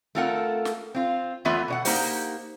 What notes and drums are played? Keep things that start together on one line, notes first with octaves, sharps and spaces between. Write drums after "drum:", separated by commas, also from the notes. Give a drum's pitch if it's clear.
A3 C4 F4 A4 A#4 F#5
drum: snare
C4 F4
E2 E3 A3 B3 F4 E5
B2 C#5 F#5
A#3 D#4 G4 C5 F#5, drum: open hi-hat